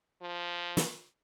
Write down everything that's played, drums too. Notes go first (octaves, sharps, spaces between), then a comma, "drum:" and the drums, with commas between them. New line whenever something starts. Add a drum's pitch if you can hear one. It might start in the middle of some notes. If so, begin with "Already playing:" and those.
F3
drum: snare